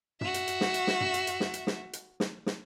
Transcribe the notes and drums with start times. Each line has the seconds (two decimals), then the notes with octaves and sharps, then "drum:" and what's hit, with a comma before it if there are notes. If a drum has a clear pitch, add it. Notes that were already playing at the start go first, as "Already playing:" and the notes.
0.21 F#4 E5, drum: tom
0.34 drum: hi-hat
0.48 drum: hi-hat
0.61 drum: snare
0.74 drum: hi-hat
0.87 drum: snare
1.01 drum: tom
1.14 drum: hi-hat
1.27 drum: hi-hat
1.40 drum: snare
1.54 drum: hi-hat
1.67 drum: snare
1.93 drum: hi-hat
2.20 drum: snare
2.46 drum: snare